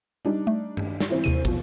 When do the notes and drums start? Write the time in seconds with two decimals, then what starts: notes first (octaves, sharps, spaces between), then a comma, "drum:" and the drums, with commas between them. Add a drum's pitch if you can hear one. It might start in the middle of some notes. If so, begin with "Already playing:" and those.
0.25 G3 D4 D#4
0.47 A3
0.77 drum: tom
1.00 drum: snare
1.10 E3 C4 E4
1.24 D#2 C3 D#7, drum: hi-hat
1.45 B2 F3, drum: kick, hi-hat